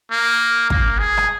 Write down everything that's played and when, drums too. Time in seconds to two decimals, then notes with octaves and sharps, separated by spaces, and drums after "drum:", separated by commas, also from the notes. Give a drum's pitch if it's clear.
0.11 A#3
0.70 A#3, drum: kick
0.99 G#4
1.17 drum: rim click